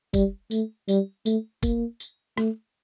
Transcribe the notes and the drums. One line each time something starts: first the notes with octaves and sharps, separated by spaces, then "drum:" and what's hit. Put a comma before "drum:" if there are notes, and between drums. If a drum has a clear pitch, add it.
G3, drum: kick, tambourine
A3, drum: tambourine
G3, drum: tambourine
A3, drum: tambourine
A#3, drum: kick, tambourine
drum: tambourine
A3, drum: rim click